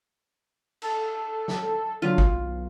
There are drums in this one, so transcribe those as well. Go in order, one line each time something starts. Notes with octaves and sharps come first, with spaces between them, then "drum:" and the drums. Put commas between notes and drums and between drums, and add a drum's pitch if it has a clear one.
A4, drum: cymbal
drum: snare
D3 F#3 F4
B1, drum: kick G1